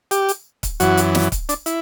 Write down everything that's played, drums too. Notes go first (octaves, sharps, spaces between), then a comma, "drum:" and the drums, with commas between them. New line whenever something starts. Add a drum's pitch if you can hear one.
G4, drum: hi-hat
drum: hi-hat
drum: kick C#1, hi-hat
F#2 E3 F#4, drum: hi-hat
drum: hi-hat
drum: snare
drum: kick C#1, hi-hat
D4, drum: hi-hat
E4, drum: hi-hat